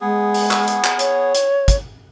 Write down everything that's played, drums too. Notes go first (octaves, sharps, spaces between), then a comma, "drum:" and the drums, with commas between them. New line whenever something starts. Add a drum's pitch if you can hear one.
G#3 B3 G#4
drum: open hi-hat
drum: clap
drum: hi-hat
drum: clap
C#5, drum: hi-hat
drum: hi-hat
drum: kick, hi-hat